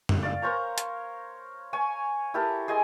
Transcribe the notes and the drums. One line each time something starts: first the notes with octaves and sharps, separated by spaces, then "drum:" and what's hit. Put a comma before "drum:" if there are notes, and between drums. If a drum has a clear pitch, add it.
drum: tom
D5 F5
A#4 C5 C#5 A#5
drum: hi-hat
C#5 G#5
E4 G4 A4 A#4
G#4 D#5 G#5 C6